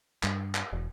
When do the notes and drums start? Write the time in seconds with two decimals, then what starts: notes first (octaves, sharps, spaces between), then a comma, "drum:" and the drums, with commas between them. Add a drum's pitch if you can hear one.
0.23 G2, drum: clap
0.55 drum: clap
0.73 E1